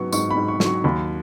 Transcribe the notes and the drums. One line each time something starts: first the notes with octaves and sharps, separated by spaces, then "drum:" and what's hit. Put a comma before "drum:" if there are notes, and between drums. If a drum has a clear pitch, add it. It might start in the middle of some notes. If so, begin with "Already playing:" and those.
Already playing: G#2 F#3 B3 C#6
G#2 C#6, drum: tambourine
B5
G#2
C#6
F#3, drum: snare
C#6
D#2 B5